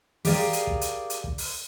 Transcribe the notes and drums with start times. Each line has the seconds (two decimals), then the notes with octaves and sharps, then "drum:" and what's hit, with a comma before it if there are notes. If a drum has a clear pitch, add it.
0.25 G4 G#4 A#4 D5 F5, drum: open hi-hat
0.53 drum: hi-hat
0.67 drum: kick
0.81 drum: hi-hat
1.10 drum: hi-hat
1.24 drum: kick
1.38 drum: open hi-hat